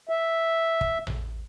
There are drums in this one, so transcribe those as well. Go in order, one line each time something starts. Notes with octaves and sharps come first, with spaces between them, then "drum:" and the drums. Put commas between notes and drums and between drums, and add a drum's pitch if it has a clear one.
E5
drum: kick
drum: tom A1